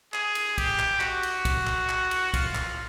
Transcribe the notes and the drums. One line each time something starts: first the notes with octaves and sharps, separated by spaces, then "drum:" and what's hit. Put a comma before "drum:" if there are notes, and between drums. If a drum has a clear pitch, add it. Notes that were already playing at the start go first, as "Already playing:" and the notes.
G#4, drum: clap
drum: cymbal
G4, drum: kick, cymbal
drum: clap
F#4, drum: clap
drum: cymbal
drum: kick, cymbal
drum: clap
drum: clap
drum: cymbal
F4, drum: kick, cymbal
drum: clap